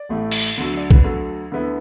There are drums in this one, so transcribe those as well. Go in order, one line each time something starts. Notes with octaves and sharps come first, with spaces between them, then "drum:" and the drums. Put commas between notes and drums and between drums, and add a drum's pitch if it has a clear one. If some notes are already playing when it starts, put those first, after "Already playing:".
Already playing: D5
A1 A2 A3
drum: cymbal
D2 D3 F#3
D5
B4, drum: kick A#1
D2 D3 F#3 A4
D2 D3 B3 E4